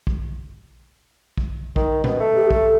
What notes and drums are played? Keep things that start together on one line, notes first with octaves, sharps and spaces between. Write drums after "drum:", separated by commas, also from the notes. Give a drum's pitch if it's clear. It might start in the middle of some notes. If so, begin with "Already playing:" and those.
drum: kick
drum: kick
D#3, drum: kick
B2, drum: tom A#2
A3
G4
A4, drum: kick